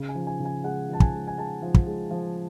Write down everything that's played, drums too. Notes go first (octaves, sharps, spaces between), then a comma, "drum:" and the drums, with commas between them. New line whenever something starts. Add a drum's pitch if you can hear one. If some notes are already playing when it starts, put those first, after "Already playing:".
Already playing: C#3
G#5
F3
G#5
C#3
G#5
G#3 F#5
F3 A5
G#5, drum: kick
G#3
G#5
G#3 A5
F3
drum: kick
G#3
F3